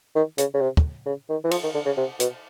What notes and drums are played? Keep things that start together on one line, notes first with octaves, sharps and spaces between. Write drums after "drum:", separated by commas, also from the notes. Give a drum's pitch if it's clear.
D#3
C#3, drum: hi-hat
C#3
C3
drum: kick
C#3
D#3
E3
F3, drum: cymbal
D#3
D3
C#3
C3
B2, drum: hi-hat